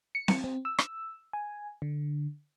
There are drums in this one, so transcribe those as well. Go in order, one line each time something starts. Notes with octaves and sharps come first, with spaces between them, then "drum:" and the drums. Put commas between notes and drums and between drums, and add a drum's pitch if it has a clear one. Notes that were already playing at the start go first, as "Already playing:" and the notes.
C#7
drum: snare C4
C4
E6
drum: rim click
G#5
D3